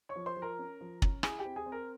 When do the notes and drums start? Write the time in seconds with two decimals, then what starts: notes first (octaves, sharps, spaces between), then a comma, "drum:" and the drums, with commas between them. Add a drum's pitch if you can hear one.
0.09 C#5 C#6
0.16 F3
0.26 C5 C6
0.37 F3
0.42 A#4 A#5
0.59 C#4
0.81 F3
1.02 C#4, drum: kick
1.23 E4 G#4 G#5, drum: rim click
1.39 G4 G5
1.45 C4
1.56 G#4 G#5
1.66 C4
1.72 A#4